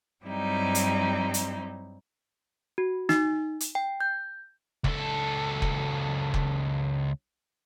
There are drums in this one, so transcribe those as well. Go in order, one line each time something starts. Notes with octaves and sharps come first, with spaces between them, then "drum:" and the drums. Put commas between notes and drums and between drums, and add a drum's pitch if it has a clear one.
G2 F#3 G3 C4 D#4 E4
drum: hi-hat
drum: hi-hat
F#4
D#4, drum: snare
drum: hi-hat
G5
G6
C#2 A4, drum: kick F1
drum: kick F1
drum: kick F1